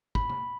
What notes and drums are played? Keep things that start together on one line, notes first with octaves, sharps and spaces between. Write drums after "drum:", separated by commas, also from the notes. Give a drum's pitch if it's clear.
B5, drum: kick
drum: tom